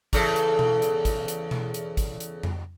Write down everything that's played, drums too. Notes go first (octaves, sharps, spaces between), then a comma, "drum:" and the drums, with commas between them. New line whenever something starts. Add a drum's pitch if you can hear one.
E2 C#3 A4, drum: kick, hi-hat
drum: hi-hat
drum: tom B2
drum: hi-hat
drum: kick, hi-hat
drum: hi-hat
drum: tom B2
drum: hi-hat
drum: kick, hi-hat
drum: hi-hat
drum: tom F2